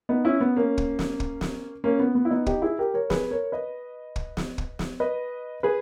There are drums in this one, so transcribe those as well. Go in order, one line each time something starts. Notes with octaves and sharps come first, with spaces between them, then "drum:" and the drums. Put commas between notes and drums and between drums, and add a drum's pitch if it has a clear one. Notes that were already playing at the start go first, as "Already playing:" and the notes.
B3 D#4
C#4 E4
B3
A#3 C#4
drum: kick
drum: snare
drum: kick
drum: snare
A#3 C#4
B3
B3
E4
B3 D#4
D#4 G4, drum: kick
E4 G#4
G4 A#4
A#4 C#5
G#4 B4, drum: snare
A#4 C#5
B4 D#5
drum: kick
drum: snare
drum: kick
drum: snare
B4 D#5
G#4 B4